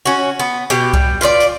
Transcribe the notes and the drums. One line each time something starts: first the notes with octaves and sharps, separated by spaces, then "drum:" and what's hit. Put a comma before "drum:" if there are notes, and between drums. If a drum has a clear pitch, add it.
C#4 F#4
B3
B2 G4, drum: hi-hat
G3, drum: kick C2
F4 B4 C5 D5
drum: hi-hat